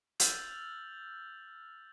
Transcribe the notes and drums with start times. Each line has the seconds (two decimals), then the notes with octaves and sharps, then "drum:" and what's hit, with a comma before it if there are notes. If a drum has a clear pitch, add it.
0.20 E6 F6 G6 A6 F7 F#7, drum: hi-hat